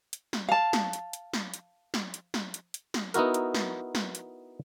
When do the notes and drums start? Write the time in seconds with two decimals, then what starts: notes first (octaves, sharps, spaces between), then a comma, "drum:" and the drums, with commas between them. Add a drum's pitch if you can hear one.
0.13 drum: hi-hat
0.33 drum: snare
0.49 F5 A5
0.73 drum: snare
0.93 drum: hi-hat
1.13 drum: hi-hat
1.33 drum: snare
1.54 drum: hi-hat
1.94 drum: snare
2.14 drum: hi-hat
2.34 drum: snare
2.54 drum: hi-hat
2.74 drum: hi-hat
2.94 drum: snare
3.14 B3 D#4 E4 F#4 A#4, drum: hi-hat
3.34 drum: hi-hat
3.54 drum: snare
3.95 drum: snare
4.15 drum: hi-hat